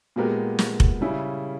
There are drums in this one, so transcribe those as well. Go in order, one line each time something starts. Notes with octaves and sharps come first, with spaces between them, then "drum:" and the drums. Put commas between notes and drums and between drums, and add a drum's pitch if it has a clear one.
A#2 G#3 B3 G4 A#4
drum: snare
drum: kick F1
C#3 G3 C#4 E4